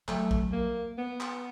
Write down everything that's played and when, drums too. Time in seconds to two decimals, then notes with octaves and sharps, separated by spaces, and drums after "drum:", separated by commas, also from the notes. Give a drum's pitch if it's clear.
0.08 F#3 A3, drum: clap
0.31 drum: kick A#1
0.53 A#3
0.98 B3
1.20 drum: clap